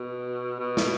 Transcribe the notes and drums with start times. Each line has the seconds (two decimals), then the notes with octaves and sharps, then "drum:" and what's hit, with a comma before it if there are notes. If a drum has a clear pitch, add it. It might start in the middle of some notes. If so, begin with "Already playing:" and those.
Already playing: B2
0.59 B2
0.77 drum: snare